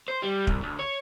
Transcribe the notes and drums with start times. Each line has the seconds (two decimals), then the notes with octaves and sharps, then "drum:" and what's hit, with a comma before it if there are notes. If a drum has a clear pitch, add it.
0.08 C5
0.23 G3
0.47 C2, drum: kick
0.63 D2
0.79 C#5